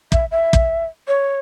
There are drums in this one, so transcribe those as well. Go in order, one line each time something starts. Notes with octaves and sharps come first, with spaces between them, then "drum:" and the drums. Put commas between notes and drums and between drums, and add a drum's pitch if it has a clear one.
E5, drum: kick
E5
drum: kick
C#5